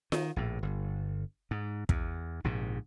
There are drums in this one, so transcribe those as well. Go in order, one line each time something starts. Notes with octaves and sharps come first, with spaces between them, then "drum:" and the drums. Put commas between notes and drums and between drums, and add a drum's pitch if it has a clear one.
D#3, drum: snare F4
A#1 A2
G1
G#2
E2, drum: kick
A#1 G#2 C3